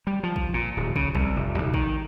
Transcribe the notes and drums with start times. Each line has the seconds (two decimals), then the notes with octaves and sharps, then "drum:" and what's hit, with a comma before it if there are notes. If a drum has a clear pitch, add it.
0.07 G3
0.23 F3
0.36 drum: kick
0.54 A#2
0.77 D1
0.96 C#3, drum: kick
1.15 C2, drum: kick
1.36 F1
1.58 B1
1.74 D#3, drum: kick